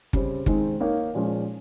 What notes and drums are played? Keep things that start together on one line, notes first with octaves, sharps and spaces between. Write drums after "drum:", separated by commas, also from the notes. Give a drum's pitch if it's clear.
C#3 G3 C4, drum: kick
D#3 G#3 C4 D#4, drum: kick
A#3 D#4 A#4 C#5 F5
A#2 F3 G#3 C#4